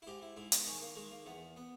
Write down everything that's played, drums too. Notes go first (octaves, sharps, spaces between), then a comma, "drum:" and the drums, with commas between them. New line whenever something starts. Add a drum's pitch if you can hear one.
E4
G#2 G4
E4
G#2 E4
B3, drum: hi-hat
D#3 C#4
A#3
D#3 G#3
A#3
E2 B3
B3